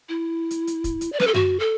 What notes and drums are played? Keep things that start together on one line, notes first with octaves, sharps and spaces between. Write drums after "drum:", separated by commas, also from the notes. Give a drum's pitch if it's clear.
E4
drum: hi-hat
drum: hi-hat
drum: kick, hi-hat
drum: hi-hat
D5
B4, drum: snare
A4
F#4, drum: tom F#2
A4